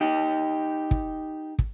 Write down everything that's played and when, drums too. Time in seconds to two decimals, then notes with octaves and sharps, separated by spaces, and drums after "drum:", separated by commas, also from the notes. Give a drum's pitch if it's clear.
0.01 D#4 G4
0.91 drum: kick
1.59 drum: kick